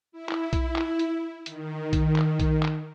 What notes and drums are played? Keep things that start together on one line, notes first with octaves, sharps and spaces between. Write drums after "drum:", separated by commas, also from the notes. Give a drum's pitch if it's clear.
E4
drum: clap
drum: kick B1, hi-hat
drum: clap
drum: hi-hat
D#3, drum: hi-hat
drum: kick B1, hi-hat
drum: clap
drum: kick B1, hi-hat
drum: clap